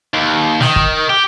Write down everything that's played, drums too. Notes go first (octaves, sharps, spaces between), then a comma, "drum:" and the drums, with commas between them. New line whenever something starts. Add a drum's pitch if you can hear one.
D#2
D#3, drum: snare
drum: kick
G4